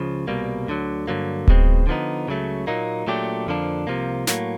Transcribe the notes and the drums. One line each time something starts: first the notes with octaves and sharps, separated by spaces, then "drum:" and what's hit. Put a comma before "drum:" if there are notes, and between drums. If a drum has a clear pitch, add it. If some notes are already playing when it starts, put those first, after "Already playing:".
Already playing: C#2 C#3 F3
C2 B2 G3 A#3
D2 D3 F#3
G2 D3 F#3 A#3
B1 B2 G#3 C4, drum: kick D1
D3 F3 G#3 B3 D#4
C#2 C#3 F#3 A3
A#2 F#3 A#3 D#4
A#2 F#3 A3 D4 G4
F2 D3 F3 A#3 D4
C2 C3 F3 A#3
A2 F#3 A#3, drum: snare